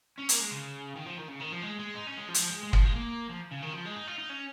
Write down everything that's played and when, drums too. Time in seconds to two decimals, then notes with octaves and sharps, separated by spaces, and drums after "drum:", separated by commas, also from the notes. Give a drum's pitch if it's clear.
0.18 C#4
0.29 A#3, drum: hi-hat
0.39 G#3
0.51 C#3
0.96 D#3
1.06 F3
1.18 D#3
1.28 C#3
1.40 D#3
1.52 F3
1.62 G#3
1.79 G#3
1.95 D#4
2.07 C#4
2.18 G#3
2.29 F3
2.34 G#3, drum: hi-hat
2.41 F3
2.52 G#3
2.63 G#3
2.73 F3, drum: kick
2.85 G#3
2.95 A#3
3.30 F3
3.52 C#3
3.63 D#3
3.74 F3
3.86 G#3
3.96 D#4
4.07 F4
4.18 D#4
4.30 C#4